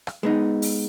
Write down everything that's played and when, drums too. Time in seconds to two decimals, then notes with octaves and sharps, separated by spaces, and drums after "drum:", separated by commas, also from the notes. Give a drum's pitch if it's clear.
0.07 drum: rim click
0.23 G#3 B3 D#4
0.62 drum: open hi-hat